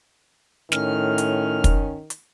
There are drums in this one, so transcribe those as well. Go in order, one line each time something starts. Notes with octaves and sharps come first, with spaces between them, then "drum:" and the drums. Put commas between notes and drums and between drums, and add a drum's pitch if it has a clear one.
A2 D#3 C#4 F6, drum: snare
drum: hi-hat
drum: kick, hi-hat
drum: hi-hat